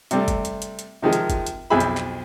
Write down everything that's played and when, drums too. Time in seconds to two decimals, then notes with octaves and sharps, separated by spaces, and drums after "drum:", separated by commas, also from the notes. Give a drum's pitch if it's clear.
0.11 C3 G3 A3, drum: hi-hat
0.28 drum: kick, hi-hat
0.45 drum: hi-hat
0.62 drum: hi-hat
0.79 drum: hi-hat
1.02 C3 D#3 F3 G#3
1.13 drum: hi-hat
1.30 drum: kick, hi-hat
1.47 drum: hi-hat
1.70 B1 F2 G#4 E5 G#5 B5
1.80 drum: hi-hat
1.97 drum: clap